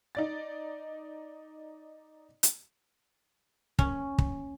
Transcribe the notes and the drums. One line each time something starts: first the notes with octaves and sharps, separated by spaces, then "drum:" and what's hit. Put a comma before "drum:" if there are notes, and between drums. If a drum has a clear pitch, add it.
D#4 D5 A6
drum: hi-hat
C#4, drum: kick
drum: kick